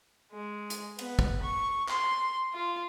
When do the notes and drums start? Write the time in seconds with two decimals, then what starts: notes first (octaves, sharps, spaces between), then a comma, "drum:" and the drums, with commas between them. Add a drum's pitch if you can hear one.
0.32 G#3
0.70 drum: hi-hat
0.99 B3, drum: cymbal
1.19 drum: kick
1.43 C#6
1.89 C6, drum: clap
2.53 F4